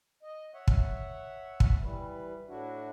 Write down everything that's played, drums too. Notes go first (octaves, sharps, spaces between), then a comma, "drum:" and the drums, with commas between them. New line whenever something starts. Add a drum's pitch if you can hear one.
D#5
C#5 E5 F#5
drum: kick
drum: kick
E3 G3 B4
A2 D4 E4 F#4